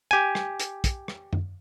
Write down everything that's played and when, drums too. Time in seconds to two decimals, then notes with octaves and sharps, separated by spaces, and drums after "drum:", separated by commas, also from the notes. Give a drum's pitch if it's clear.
0.11 G4 G#5
0.35 drum: rim click
0.60 drum: hi-hat
0.84 drum: kick, hi-hat
1.08 drum: rim click
1.33 drum: tom F#2